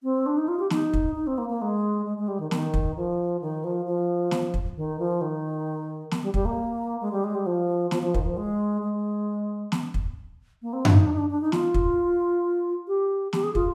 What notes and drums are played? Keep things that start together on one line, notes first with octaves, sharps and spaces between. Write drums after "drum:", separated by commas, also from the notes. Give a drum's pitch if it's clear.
C4
D4
D#4
F4
G4
D#4, drum: snare
drum: kick
D#4
C4
A#3
A#3
G#3
G#3
G#3
G3
D#3
D#3, drum: snare
drum: kick
F3
D#3
F3
F3
drum: snare
drum: kick
D#3
F3
D#3
drum: snare
G3
G3, drum: kick
A#3
G#3
G3
G#3
G3
F3
F3, drum: snare
F3
D#3, drum: kick
F3
G#3
G#3
drum: snare
drum: kick
A#3
C4
D4, drum: tom F#2
D#4
D4
D#4
D4
D4
D#4
F4, drum: snare
drum: kick
G4
G4, drum: snare
G#4
F4, drum: kick